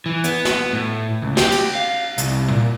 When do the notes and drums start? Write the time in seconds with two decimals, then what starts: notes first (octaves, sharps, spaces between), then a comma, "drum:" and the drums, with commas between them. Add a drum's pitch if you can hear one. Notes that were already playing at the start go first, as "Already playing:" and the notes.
0.06 E3
0.24 B3, drum: hi-hat
0.45 drum: snare
0.73 A2
1.22 C#2
1.37 G4, drum: snare
1.52 drum: cymbal
1.75 F5
2.18 C2, drum: hi-hat
2.50 A#2